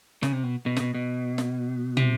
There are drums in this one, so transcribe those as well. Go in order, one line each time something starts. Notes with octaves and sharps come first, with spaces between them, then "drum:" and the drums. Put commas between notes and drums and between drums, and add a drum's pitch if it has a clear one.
C#3, drum: snare
C3
B2
B2
C3, drum: snare
B2
B2
drum: snare
C3, drum: tom